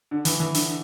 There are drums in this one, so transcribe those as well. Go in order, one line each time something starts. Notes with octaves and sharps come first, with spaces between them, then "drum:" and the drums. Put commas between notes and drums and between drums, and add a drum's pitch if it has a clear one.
D3
E3, drum: open hi-hat
E3
D3, drum: open hi-hat